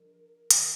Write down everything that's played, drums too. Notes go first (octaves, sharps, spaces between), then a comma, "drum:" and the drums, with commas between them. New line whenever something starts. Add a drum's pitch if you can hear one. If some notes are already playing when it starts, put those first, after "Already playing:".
Already playing: F3 G#3 D4 A#4
D#3 F#3 A#3, drum: hi-hat